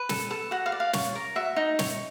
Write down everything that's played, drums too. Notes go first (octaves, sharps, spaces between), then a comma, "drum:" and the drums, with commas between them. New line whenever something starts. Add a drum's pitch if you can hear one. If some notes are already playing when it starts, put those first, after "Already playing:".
Already playing: B4
A4, drum: snare
A4
F#4 F#5
F5
D5
F5
C#5, drum: snare
A#4
F#4 E5
D#4
C#5, drum: snare